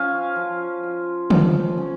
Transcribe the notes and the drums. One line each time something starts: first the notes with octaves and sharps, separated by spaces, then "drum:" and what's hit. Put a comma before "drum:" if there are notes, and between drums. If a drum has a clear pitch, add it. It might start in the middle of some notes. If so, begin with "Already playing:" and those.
Already playing: F3 C#4 F5 G#5
F3
F4
F3, drum: tom
C#4